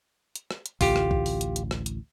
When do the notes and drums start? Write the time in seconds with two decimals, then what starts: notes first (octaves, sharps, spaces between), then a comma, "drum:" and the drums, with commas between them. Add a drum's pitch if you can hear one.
0.35 drum: hi-hat
0.51 drum: rim click
0.66 drum: hi-hat
0.81 A1 D2 F4 G4, drum: kick, open hi-hat
0.96 drum: rim click
1.11 drum: kick
1.26 drum: open hi-hat
1.41 drum: hi-hat
1.56 drum: hi-hat
1.71 drum: rim click
1.86 drum: hi-hat